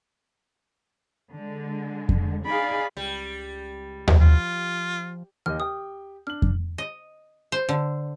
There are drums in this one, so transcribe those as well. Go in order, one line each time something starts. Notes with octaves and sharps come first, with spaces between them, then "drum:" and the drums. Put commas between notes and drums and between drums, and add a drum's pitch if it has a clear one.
D3 G#3
drum: kick F2
D#4 G#4 D5 F5 B5
C#2 G3
drum: tom D#2
F3 F4
D#2 G4 D#5 F6
G4 G5 D#6
D4 F6 F#7
drum: kick F2
D#5
C5
D3